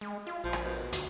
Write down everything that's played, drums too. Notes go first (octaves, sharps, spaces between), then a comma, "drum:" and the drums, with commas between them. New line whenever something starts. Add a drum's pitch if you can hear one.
G#3
F4
A#1 F3
drum: rim click
B2
D2, drum: hi-hat